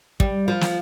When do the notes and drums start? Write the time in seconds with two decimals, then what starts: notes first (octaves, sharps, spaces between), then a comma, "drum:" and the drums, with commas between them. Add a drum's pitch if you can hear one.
0.20 G3, drum: kick
0.48 F3
0.61 drum: snare